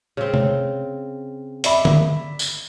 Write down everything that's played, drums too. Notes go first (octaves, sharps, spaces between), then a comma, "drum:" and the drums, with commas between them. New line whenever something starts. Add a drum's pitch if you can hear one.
C#3 C4
drum: tom C3
D5 E5 B5, drum: hi-hat
drum: tom D3
drum: tambourine